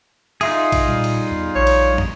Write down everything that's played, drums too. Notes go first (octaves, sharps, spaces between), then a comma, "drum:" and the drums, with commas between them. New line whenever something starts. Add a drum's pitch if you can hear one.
D#4 F4 G#4 E5, drum: cymbal
drum: kick A#1, cymbal
A#2 G3
drum: cymbal
E2
A#1 C#5
drum: cymbal
drum: tom